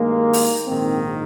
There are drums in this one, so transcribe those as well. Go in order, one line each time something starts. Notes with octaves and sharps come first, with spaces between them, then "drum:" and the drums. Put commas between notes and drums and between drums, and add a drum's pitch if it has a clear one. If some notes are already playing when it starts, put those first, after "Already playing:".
Already playing: G2 D#3 G#3 A#3
drum: open hi-hat
A#1 G#2 D#3 A#3 C4